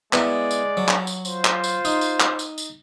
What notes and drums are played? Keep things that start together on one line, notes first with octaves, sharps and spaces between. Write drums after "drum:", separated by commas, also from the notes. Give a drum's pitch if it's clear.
G#3 B3 E4 D5, drum: clap
drum: tambourine
F#3
drum: clap
drum: tambourine
F4 C5, drum: tambourine
drum: clap
drum: tambourine
D#4, drum: tambourine
drum: tambourine
drum: clap
drum: tambourine
drum: tambourine